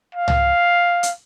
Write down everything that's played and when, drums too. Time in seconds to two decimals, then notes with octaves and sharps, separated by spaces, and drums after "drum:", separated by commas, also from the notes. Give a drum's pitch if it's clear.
0.15 F5
0.28 drum: tom
1.03 drum: hi-hat